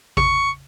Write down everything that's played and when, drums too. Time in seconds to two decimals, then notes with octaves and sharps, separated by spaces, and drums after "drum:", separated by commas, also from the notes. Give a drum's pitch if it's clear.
0.17 C#6, drum: kick A1